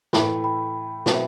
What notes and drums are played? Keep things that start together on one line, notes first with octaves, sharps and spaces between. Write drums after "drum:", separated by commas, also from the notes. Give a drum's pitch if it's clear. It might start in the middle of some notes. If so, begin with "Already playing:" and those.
A2 E3 A3 G5 B5, drum: snare
G5 B5
B2 F#3 C4 E4 B4 E5 G5, drum: snare